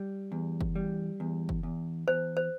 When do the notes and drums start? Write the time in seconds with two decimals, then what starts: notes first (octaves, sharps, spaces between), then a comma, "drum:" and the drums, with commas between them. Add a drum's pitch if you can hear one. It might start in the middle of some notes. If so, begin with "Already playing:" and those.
Already playing: G3
0.32 E2
0.61 drum: kick
0.76 G3
1.20 E2
1.49 drum: kick
1.63 E2
2.08 E2 C5
2.37 C5